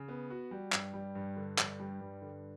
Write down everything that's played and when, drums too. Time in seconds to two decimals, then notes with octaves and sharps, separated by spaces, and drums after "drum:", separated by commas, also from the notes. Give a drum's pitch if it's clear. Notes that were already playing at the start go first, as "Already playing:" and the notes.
Already playing: C#3
0.08 B3
0.30 F#4
0.51 G3
0.72 G2, drum: clap
0.93 G3
1.15 G2
1.37 D3
1.58 G2, drum: clap
1.80 G3
2.01 G2
2.22 D3